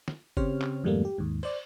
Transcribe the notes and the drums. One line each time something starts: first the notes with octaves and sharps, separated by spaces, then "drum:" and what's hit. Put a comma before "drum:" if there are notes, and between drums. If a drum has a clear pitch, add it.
drum: snare
C#3 C4 G4 C5 C#5 F6, drum: kick F#1
drum: clap
F2 G#2 D#3 G3 A3 A#3
G4
D#2 G#2
C5 D5, drum: cymbal